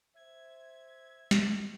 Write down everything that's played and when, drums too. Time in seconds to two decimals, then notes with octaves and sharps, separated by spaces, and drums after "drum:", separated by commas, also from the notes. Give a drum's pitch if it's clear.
0.16 C5 E5 G#6
1.31 drum: snare